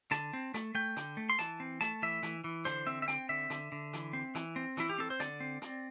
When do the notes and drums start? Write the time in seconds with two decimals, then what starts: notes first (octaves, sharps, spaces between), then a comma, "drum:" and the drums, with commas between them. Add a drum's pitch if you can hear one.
0.11 D3 A5, drum: hi-hat
0.33 C4
0.54 A3, drum: hi-hat
0.75 A3 G5
0.96 D3, drum: hi-hat
1.17 A3
1.30 C6
1.39 E3 A5, drum: hi-hat
1.60 C4
1.81 A3 A5, drum: hi-hat
2.02 E3 E5
2.23 E3, drum: hi-hat
2.44 E3
2.65 D3 C5, drum: hi-hat
2.87 C4 E5
3.02 E5
3.08 C4 G5, drum: hi-hat
3.29 D3 E5
3.50 D3, drum: hi-hat
3.72 D3
3.93 E3, drum: hi-hat
4.13 C4
4.35 E3, drum: hi-hat
4.56 C4
4.77 E3 E4, drum: hi-hat
4.90 G4
4.98 C4 A4
5.10 C5
5.20 D3 D5, drum: hi-hat
5.40 C4
5.62 C4, drum: hi-hat